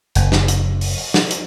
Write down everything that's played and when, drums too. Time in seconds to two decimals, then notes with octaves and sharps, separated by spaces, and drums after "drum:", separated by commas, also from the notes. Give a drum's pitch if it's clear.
0.15 F#1, drum: hi-hat
0.32 drum: snare
0.48 drum: hi-hat
0.81 drum: open hi-hat
0.98 drum: open hi-hat
1.14 drum: snare
1.31 drum: hi-hat